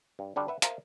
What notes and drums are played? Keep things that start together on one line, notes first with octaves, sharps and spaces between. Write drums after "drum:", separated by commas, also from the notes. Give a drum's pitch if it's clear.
G2
D3 G3 D4 F#4
B4 E5 F#5
A#4 C5 E5 F5, drum: hi-hat